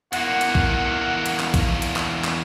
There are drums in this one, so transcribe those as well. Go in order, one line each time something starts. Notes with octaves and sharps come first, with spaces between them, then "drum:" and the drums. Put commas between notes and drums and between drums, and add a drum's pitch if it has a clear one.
E2 A#3 F#5, drum: hi-hat
drum: hi-hat
drum: kick B1
drum: hi-hat
drum: clap
drum: kick B1, hi-hat
drum: hi-hat
drum: clap
drum: clap